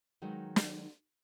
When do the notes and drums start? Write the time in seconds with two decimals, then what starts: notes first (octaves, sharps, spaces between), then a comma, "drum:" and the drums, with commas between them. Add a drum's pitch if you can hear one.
0.22 D#3 F#3 G#3 D#4 A#4 B4
0.56 drum: snare